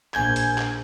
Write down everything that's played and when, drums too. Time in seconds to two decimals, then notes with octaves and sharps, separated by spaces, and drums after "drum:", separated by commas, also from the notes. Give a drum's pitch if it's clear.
0.14 A#1 G#5 G6 G#6, drum: clap
0.36 drum: hi-hat
0.58 drum: clap